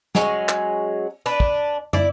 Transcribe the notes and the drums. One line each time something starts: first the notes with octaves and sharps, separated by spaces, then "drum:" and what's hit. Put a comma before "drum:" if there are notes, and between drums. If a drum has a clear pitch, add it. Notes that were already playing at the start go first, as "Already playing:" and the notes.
F#3 G#3 C#4, drum: snare
drum: clap
D4 B4
drum: kick
E4 D5, drum: tom